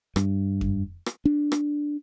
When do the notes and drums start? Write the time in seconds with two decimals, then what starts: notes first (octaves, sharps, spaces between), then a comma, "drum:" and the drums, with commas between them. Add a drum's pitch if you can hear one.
0.16 G2, drum: rim click
0.61 drum: kick F2
1.06 drum: rim click
1.25 D4
1.52 drum: rim click